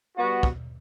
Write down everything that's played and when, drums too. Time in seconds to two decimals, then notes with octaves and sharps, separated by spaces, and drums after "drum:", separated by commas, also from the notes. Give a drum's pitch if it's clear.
0.17 G3 B3 F#4
0.43 drum: kick